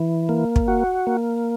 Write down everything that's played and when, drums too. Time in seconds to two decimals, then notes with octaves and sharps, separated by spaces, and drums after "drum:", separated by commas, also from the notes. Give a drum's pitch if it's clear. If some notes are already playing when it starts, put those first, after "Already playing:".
Already playing: E3
0.29 A#3
0.56 drum: kick
0.68 F#4
1.07 A#3